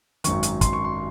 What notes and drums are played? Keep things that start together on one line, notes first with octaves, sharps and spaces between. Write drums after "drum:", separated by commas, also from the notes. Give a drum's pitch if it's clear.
G#1 F#2 D#3 C#6, drum: hi-hat
drum: hi-hat
C6, drum: kick, hi-hat
C#6
C6